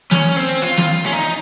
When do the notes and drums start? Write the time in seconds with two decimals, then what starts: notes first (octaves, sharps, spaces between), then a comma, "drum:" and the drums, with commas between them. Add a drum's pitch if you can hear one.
0.11 C#4, drum: snare
0.36 C4
0.62 F4
0.77 drum: snare
1.06 C#4
1.12 D#4